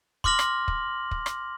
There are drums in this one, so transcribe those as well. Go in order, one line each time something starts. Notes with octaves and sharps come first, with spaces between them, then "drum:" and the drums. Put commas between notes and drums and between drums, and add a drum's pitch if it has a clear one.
C6 D6 F6 A#6 F#7, drum: kick
drum: rim click
drum: kick
drum: kick
drum: rim click